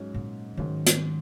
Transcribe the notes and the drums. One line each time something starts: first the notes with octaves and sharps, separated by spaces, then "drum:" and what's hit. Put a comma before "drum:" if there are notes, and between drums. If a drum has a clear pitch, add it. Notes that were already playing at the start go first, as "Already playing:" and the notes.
Already playing: G#2 F#3 C#4
A#2
G#2 D#3 F#3 C#4
drum: hi-hat